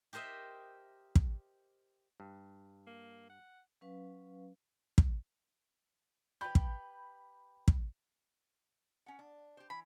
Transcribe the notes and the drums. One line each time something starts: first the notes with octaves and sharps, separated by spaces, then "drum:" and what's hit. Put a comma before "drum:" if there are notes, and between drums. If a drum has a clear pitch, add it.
G4 A#4 C5 D#5 E5
drum: kick
G2
A#3
F#5
F#3 C#4 B4 F5
drum: kick
G4 B4 B5 G6
drum: kick
drum: kick
C#4 F#5
D4
G4 C5
E3 B5